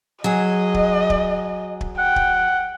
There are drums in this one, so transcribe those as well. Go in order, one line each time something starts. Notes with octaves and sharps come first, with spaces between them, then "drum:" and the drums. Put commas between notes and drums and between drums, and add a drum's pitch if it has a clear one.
F#3 G#4 D#5
drum: kick
drum: kick
drum: kick
F#5 G5
drum: kick